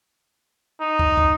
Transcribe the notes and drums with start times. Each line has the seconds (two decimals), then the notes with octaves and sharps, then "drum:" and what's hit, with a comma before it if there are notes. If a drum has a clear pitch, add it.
0.81 D#4
0.99 drum: kick
1.17 drum: kick